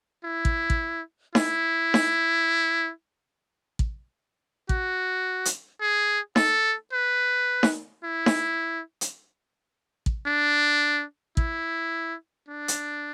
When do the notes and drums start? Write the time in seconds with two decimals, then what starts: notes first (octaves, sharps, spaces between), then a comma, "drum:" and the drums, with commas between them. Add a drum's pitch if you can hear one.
0.24 E4
0.45 drum: kick
0.70 drum: kick
1.35 E4, drum: snare D#4
1.94 drum: snare D#4
3.79 drum: kick
4.69 F#4, drum: kick
5.45 drum: hi-hat
5.81 G#4
6.36 A4, drum: snare D#4
6.92 B4
7.63 drum: snare D#4
8.03 E4
8.26 drum: snare D#4
9.01 drum: hi-hat
10.06 drum: kick
10.26 D4
11.37 E4, drum: kick
12.48 D4
12.68 drum: hi-hat